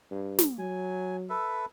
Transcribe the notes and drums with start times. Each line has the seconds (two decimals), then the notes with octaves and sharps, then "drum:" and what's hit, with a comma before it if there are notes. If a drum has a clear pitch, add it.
0.11 G2
0.39 drum: snare
0.59 F#3 G#5
1.29 A4 B4 E5